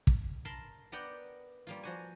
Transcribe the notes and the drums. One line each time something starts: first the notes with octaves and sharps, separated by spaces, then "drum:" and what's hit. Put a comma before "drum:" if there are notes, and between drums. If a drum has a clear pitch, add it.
drum: kick
A#4 A5 B5 C6
B3 A#4 D5 F#5 G5 A#5
G3 A#3 F4
F3 F#4 G#5